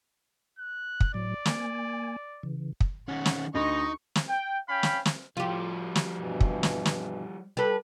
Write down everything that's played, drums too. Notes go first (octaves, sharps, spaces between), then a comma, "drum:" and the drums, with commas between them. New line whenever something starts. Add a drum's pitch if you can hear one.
F#6
drum: kick
A2 F#3 D5
A#3 G#5, drum: snare
C#3 E3
drum: kick
D#3 C#4 F#5
drum: snare
D2 D#4 D#5 C#6
drum: snare
G5
C#4 F5 G5 B5
drum: snare
drum: snare
A2 F3 G3 F4 G4
drum: snare
G2 B2 E3
drum: kick
drum: snare
drum: snare
G3 A4 B4